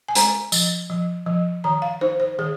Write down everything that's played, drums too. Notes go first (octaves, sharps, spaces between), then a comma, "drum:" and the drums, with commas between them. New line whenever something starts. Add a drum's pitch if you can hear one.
G#5
G#3 A#5, drum: hi-hat
F3, drum: tambourine
F3
F3
D#3 A#5
F5
D#4 C5
C5
D#3 G#4